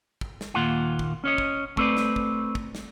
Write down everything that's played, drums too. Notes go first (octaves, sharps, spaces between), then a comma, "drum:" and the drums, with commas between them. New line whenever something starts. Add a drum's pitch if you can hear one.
drum: kick
drum: snare
D#2 A#2 F4 F#5
drum: kick
C#4 C#5 D#5
drum: kick
A3 C4 B4 D5, drum: kick
drum: snare
drum: kick
drum: kick
drum: snare